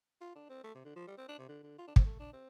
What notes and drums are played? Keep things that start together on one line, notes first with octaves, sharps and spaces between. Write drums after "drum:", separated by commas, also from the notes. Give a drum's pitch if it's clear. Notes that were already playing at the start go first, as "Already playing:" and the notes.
F4
D4
C4
A3
C3
D3
F3
G3
C4
D4
C3
D3
D3
F4
D4
C4, drum: kick
A3
D4
C4